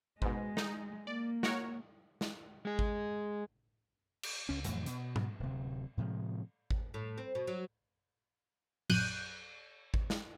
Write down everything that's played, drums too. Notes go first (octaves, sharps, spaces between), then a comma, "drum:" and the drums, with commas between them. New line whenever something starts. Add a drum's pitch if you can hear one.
G#2 B2 G#3, drum: kick G#1
D#4, drum: snare
A#3 D5
F#4 A#4 C#5, drum: snare
drum: snare
G#3 G#4
drum: kick G#1
drum: cymbal
C#2 C#4
F2 A2 E3 F#3, drum: hi-hat
B2, drum: hi-hat
drum: tom G#2
D1 C3
A2 C3 F3 G#3
drum: kick G#1
A2
C4
B2
F#3
A#1 F#2 F#6 G6 D#7, drum: cymbal
drum: kick G#1
drum: snare